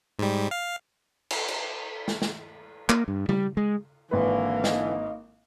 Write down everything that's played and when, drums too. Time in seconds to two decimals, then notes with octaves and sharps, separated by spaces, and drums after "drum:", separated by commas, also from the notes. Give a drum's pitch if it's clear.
0.19 G#2 G3
0.51 F5
1.31 drum: cymbal
1.48 drum: cymbal
2.08 drum: snare
2.22 drum: snare
2.89 A#3, drum: clap
3.08 G2
3.29 G3, drum: tom C#3
3.57 G#3
4.11 G#1 D3 E3 A#3 B4 F5
4.64 D#4, drum: snare